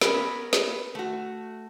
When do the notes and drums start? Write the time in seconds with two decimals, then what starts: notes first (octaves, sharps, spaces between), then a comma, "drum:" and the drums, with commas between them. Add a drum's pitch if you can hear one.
0.01 B3 C#4 A#4 B4, drum: snare
0.53 drum: snare
0.95 A3 F#4